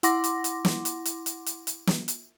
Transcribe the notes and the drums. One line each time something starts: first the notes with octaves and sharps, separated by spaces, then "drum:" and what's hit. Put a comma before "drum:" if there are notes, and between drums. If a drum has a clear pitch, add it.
E4 F#5 C6 D6 A#6, drum: hi-hat
drum: hi-hat
drum: hi-hat
drum: snare
drum: hi-hat
drum: hi-hat
drum: hi-hat
drum: hi-hat
drum: hi-hat
drum: snare
drum: hi-hat